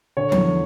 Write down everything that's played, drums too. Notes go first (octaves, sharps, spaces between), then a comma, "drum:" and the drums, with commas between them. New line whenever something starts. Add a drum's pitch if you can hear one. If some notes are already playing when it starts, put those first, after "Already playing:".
D3 C#5
E2, drum: tom F3